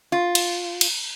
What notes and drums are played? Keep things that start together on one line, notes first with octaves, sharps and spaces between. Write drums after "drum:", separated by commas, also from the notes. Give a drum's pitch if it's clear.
F4
drum: cymbal
drum: cymbal